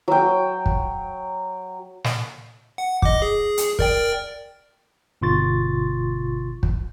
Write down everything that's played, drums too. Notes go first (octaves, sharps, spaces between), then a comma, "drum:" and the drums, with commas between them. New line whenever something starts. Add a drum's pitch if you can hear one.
F#3 G5
drum: kick
drum: snare
F#5
D#5 D6, drum: kick
G#4
drum: hi-hat
A#4 D5 G5, drum: kick
G1 B2 F4 C6 C#6 A6
drum: kick